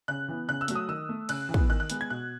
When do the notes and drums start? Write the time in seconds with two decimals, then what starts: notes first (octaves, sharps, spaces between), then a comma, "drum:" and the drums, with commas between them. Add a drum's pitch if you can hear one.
0.08 C#3 F#6
0.28 E3 B3
0.48 C#3 F#6
0.61 E6
0.68 F#3 A3, drum: hi-hat
0.75 D#6
0.88 D#3 E6
1.09 A3
1.29 C#3 F#6, drum: cymbal
1.49 E3
1.54 B3, drum: kick
1.69 D#3 F#6
1.80 F#6
1.90 G#3 B3, drum: hi-hat
2.01 G#6
2.10 B2 F#6